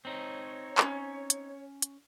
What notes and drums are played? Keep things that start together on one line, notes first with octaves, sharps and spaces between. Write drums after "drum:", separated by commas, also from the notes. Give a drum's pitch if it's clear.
C4 D#4 C#5
A#3 C#4, drum: clap
drum: hi-hat
drum: hi-hat